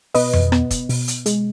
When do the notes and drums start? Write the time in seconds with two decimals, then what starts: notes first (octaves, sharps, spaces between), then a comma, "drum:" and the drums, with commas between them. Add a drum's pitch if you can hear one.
0.14 B2 B4 D#5, drum: open hi-hat
0.33 drum: tom F2
0.52 B3, drum: rim click
0.71 drum: kick, hi-hat
0.89 B2, drum: open hi-hat
1.08 drum: hi-hat
1.26 G#3, drum: hi-hat